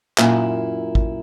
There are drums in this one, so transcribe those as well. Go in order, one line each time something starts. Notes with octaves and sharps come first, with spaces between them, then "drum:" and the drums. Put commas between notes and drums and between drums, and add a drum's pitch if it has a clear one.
F#2 A#2 E4, drum: clap
drum: kick